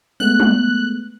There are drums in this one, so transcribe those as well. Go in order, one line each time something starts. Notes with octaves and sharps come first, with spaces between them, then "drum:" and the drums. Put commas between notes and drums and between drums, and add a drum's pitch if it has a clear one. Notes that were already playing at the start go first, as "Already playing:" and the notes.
G#3 A3 B3 F#6
drum: tom